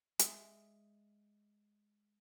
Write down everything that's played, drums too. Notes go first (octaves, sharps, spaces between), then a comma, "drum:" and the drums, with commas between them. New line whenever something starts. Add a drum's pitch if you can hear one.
G#3 E5, drum: hi-hat